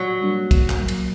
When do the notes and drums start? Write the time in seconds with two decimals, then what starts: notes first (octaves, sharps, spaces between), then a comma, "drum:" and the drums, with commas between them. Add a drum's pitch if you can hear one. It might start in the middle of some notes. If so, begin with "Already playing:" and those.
Already playing: A#2 F#3
0.21 G3 A#3 D4
0.51 A#2, drum: kick, cymbal
0.69 drum: clap
0.79 F#3 A#3
0.88 drum: cymbal